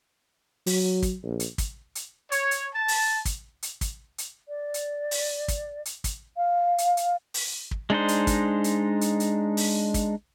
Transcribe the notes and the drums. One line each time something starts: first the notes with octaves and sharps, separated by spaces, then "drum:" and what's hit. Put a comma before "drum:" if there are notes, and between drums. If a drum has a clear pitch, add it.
F#3, drum: open hi-hat
drum: kick, hi-hat
A#1
drum: hi-hat
drum: kick, hi-hat
drum: hi-hat
C#5, drum: hi-hat
drum: hi-hat
A5
drum: open hi-hat
drum: kick, hi-hat
drum: hi-hat
drum: kick, hi-hat
drum: hi-hat
D5
drum: hi-hat
drum: open hi-hat
drum: kick, hi-hat
drum: hi-hat
drum: kick, hi-hat
F5
drum: hi-hat
drum: hi-hat
drum: open hi-hat
drum: kick
G#3 D4 D#4 C5
drum: hi-hat
drum: kick, hi-hat
drum: hi-hat
drum: hi-hat
drum: hi-hat
drum: open hi-hat
drum: kick, hi-hat